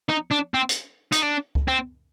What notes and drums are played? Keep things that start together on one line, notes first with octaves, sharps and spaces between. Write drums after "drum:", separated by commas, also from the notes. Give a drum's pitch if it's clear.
D#4
D4
C4
drum: hi-hat
D#4, drum: hi-hat
D4
drum: kick C#2
C4